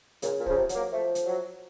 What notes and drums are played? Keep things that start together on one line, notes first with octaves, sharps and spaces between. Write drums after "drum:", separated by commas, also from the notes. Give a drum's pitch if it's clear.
A#2 C#3, drum: hi-hat
A#2
C#3 F3, drum: kick
C3
F#3, drum: hi-hat
A#3
F3 A3
drum: hi-hat
F#3